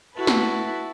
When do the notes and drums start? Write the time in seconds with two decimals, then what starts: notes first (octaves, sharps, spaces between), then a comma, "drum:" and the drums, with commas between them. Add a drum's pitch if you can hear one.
0.15 E4 F#4 A4 B4
0.27 drum: snare